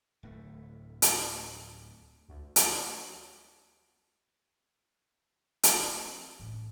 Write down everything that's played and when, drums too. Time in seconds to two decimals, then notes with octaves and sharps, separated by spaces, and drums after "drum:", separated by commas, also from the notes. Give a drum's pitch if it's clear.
0.23 D1 A3
1.02 drum: hi-hat
2.29 D2
2.56 drum: hi-hat
2.69 C#5
2.82 F#4
5.63 drum: hi-hat
5.74 C4
6.40 A1